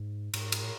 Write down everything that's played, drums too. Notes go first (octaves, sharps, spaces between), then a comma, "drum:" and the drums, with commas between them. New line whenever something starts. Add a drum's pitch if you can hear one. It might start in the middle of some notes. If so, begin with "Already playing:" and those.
Already playing: G#2
G#2, drum: cymbal
drum: cymbal
A2